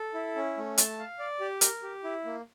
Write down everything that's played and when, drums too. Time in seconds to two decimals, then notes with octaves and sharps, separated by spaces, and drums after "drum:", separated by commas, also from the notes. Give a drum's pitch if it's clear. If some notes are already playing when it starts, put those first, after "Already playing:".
Already playing: A4
0.14 E4
0.36 C#4
0.57 A3
0.78 A5, drum: hi-hat
0.99 F5
1.19 D5
1.41 G4
1.61 A#4, drum: hi-hat
1.83 G4
2.04 E4
2.25 A#3